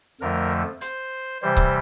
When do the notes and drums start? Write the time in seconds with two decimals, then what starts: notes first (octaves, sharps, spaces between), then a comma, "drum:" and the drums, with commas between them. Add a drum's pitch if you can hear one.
0.21 F2 D3 F3 A3 A#4
0.81 C5, drum: hi-hat
1.42 C3 E3 G3 C5
1.57 drum: kick C#1